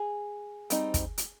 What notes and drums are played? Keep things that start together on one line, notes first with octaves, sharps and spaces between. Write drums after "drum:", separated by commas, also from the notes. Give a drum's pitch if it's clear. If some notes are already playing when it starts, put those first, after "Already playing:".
Already playing: G#4
G3 C4 D#4, drum: hi-hat
drum: kick, hi-hat
drum: hi-hat